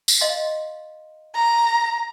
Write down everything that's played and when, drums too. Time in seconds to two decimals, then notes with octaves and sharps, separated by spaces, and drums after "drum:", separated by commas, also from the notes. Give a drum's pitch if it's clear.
0.08 drum: tambourine
0.21 D#5 F5 C6
1.35 A#5